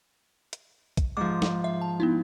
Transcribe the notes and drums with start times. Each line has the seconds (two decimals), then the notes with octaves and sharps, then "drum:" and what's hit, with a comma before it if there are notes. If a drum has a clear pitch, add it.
0.53 drum: hi-hat
0.97 drum: kick, hi-hat
1.17 G#2 F3 D6
1.42 drum: snare
1.64 E5
1.81 A5
2.00 B3 D#4 E4